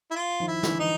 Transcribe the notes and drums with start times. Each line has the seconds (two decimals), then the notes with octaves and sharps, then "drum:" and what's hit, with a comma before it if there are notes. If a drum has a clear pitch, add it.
0.11 E4
0.16 F4
0.40 D#3 F3
0.48 E4
0.63 D3 E3, drum: snare
0.80 E3 D#4